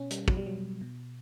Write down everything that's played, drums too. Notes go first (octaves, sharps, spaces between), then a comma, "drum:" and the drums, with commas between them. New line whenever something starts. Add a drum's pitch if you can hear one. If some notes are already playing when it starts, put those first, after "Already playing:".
Already playing: B2 C#4
G3, drum: hi-hat
B2 F#3, drum: kick
G3
F#3
B2